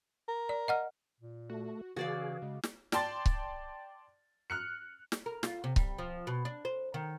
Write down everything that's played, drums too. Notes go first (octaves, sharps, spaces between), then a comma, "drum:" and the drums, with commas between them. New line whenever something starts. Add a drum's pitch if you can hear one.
A#4
D5
D#5 F#5 F6
A#2
A3 F#4
C#3 E3 F#4 G#4 D5 F5
C#3 G#3
drum: snare
D5 G5 A5 C6 A6, drum: snare
drum: kick C#1
F6 F#6 C#7
drum: snare
A#4
F4, drum: snare
C3
G3, drum: kick C#1
F3
B2
D4
C5
D#3